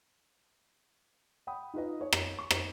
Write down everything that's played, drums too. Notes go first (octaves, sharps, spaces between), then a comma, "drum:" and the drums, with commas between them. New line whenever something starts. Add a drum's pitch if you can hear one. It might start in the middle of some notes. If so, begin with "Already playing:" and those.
F#5 G5 B5 D#6
D#4 F4 B4 D#5
C#5
drum: rim click
C#6
C5, drum: rim click